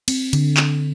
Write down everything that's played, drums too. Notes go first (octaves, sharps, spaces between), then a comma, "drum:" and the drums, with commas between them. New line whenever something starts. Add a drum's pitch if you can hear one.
C4, drum: cymbal
D3, drum: cymbal
drum: clap